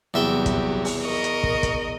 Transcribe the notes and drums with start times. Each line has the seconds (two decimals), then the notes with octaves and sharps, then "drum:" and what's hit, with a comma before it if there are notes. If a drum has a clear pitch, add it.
0.14 E2 C3 F#3 G3 E5 G5
0.46 drum: kick, hi-hat
0.85 drum: open hi-hat
1.04 A#4 D#5 C#6
1.24 drum: hi-hat
1.43 drum: kick
1.63 drum: kick, hi-hat